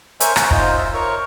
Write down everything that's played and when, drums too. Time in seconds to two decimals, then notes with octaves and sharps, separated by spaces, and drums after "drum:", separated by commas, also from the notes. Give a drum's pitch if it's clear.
0.20 A#4 C5 C#5 E5 G#5, drum: hi-hat
0.36 F#5, drum: rim click
0.51 D#4 F4 C5, drum: kick
0.77 E5
0.94 A#4 C#5